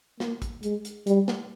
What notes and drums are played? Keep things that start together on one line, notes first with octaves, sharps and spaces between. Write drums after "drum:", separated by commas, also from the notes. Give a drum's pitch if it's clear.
A#3, drum: snare
drum: kick, hi-hat
G#3, drum: hi-hat
drum: hi-hat
G3, drum: hi-hat
drum: snare